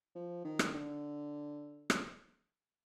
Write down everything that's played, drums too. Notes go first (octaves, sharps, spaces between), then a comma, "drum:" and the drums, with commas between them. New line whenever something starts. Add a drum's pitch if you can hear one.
F3
D#3
drum: rim click
D3
drum: rim click